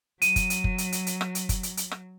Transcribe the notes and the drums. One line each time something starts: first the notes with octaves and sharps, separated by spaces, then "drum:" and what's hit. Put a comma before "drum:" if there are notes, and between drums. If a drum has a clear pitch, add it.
F#3 D#7, drum: hi-hat
drum: kick F#1, hi-hat
drum: hi-hat
drum: kick F#1
drum: hi-hat
drum: hi-hat
drum: hi-hat
drum: rim click
drum: hi-hat
drum: kick F#1, hi-hat
drum: hi-hat
drum: hi-hat
drum: rim click